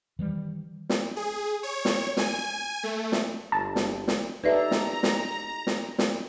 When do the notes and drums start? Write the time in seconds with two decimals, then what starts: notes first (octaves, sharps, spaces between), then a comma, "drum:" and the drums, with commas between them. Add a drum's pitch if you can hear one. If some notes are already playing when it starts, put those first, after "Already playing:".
0.19 D#3 E3 G3
0.89 drum: snare
1.16 G#4
1.63 C#5
1.85 drum: snare
2.17 G#5, drum: snare
2.83 A3
3.12 drum: snare
3.52 G1 A5
3.76 drum: snare
4.08 drum: snare
4.44 D#4 G4 A4 B4 D5 E5 A#5
4.71 drum: snare
5.03 drum: snare
5.67 drum: snare
5.98 drum: snare